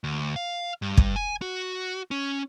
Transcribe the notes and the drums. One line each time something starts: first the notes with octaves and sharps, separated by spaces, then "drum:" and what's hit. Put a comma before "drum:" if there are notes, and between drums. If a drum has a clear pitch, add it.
D2
F5
G2
drum: kick
G#5
F#4
C#4